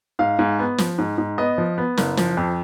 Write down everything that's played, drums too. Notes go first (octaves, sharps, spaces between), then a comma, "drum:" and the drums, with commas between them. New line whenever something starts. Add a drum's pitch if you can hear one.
G#2 F5
G#2
B3
F3, drum: snare
G#2
G#2
B3 D#5
F3
B3
F#1, drum: snare
F3, drum: snare
F2